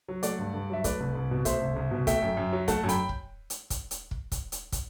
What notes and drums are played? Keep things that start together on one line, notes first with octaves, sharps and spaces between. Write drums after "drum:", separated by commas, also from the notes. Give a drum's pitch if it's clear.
F#3
A3 D5 F#5, drum: hi-hat
G2
G2
F#3 E5
A3 B4 D5, drum: kick, hi-hat
C2
C2
B2
A3 C5 E5, drum: kick, hi-hat
C2
C2
B2
A3 E5 G5, drum: kick, hi-hat
F#2
F#2
F#3
A3 F#5 A5, drum: kick, hi-hat
F#2
G5 B5, drum: hi-hat
drum: kick
drum: hi-hat
drum: kick, hi-hat
drum: hi-hat
drum: kick
drum: kick, hi-hat
drum: hi-hat
drum: kick, hi-hat